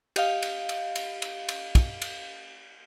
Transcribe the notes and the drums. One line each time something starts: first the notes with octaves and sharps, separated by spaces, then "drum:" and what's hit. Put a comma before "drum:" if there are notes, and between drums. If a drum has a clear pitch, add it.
G4 D#5 F5, drum: cymbal
drum: cymbal
drum: cymbal
drum: cymbal
drum: cymbal
drum: cymbal
drum: kick, cymbal
drum: cymbal